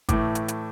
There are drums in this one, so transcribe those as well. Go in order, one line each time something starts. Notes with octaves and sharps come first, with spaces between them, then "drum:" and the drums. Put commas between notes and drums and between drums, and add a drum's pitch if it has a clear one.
A2 E3 A3 D6, drum: kick, hi-hat
drum: hi-hat
drum: hi-hat